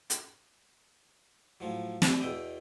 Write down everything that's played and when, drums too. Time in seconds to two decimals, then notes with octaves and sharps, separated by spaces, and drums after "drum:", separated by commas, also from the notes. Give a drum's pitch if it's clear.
0.10 drum: hi-hat
1.60 A2 F3 F#3
2.02 G3 A3 C#4 D4, drum: snare
2.21 E2 B2 D#5 E5 G5 D#6